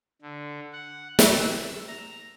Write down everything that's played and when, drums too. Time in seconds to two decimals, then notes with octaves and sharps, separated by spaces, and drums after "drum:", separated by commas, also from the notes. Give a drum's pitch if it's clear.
0.22 D3
0.73 F#5
1.19 E6, drum: snare
1.88 A#5